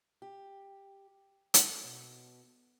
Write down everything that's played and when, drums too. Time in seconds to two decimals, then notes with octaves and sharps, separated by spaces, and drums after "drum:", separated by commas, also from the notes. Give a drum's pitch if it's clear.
0.22 G4
1.54 A4, drum: hi-hat
1.83 B2